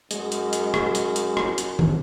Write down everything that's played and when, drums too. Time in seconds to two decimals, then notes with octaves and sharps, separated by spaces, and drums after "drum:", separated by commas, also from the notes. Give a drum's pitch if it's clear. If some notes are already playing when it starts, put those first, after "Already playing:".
0.11 F#2 G#3, drum: hi-hat
0.32 drum: hi-hat
0.53 drum: hi-hat
0.74 drum: rim click
0.95 drum: hi-hat
1.16 drum: hi-hat
1.37 drum: rim click
1.58 drum: hi-hat
1.79 drum: tom D#3